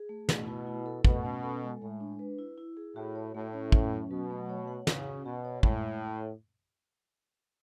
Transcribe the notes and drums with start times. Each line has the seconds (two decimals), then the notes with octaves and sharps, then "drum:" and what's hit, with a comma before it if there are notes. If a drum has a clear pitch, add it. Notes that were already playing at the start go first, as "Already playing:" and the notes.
Already playing: G#4
0.09 A3
0.29 B2 A3, drum: snare
0.48 E4
0.67 E4
0.86 A4
1.05 B2 A3, drum: kick
1.24 C#4
1.43 A4
1.63 G#3
1.82 A2 G#3
2.00 D4
2.19 B4
2.39 E4
2.58 E4
2.77 G#4
2.96 A2 F#4
3.15 C#5
3.34 A2 A3
3.53 C#4
3.72 C#4, drum: kick
3.92 F#3
4.10 B2 F#3
4.30 A3
4.49 C#5
4.68 F#5
4.87 C#3 C#4, drum: snare
5.07 F#4
5.25 B2 F#4
5.45 C#5
5.63 A2 G#3, drum: kick